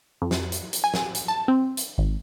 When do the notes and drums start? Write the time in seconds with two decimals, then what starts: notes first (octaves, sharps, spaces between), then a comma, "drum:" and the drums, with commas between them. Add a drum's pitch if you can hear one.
0.22 F2
0.31 drum: snare
0.52 drum: hi-hat
0.73 drum: hi-hat
0.84 G#5
0.94 drum: snare
1.14 drum: hi-hat
1.28 A5
1.48 C4
1.77 drum: hi-hat
1.98 G#1